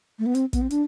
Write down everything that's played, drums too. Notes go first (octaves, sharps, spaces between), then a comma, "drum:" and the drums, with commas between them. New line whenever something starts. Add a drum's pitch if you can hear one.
A3
B3
C4, drum: hi-hat
B3, drum: kick, hi-hat
C4
D4, drum: hi-hat